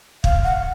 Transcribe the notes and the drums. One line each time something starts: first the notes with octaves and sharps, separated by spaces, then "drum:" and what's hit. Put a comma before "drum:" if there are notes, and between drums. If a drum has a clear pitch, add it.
F5, drum: kick
F#5